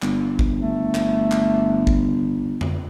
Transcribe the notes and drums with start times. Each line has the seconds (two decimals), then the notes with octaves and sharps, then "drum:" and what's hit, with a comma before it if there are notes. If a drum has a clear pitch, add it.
0.02 G1, drum: clap
0.39 drum: kick G#1
0.61 A3
0.95 drum: clap
1.32 drum: clap
1.87 drum: kick G#1
2.61 drum: tom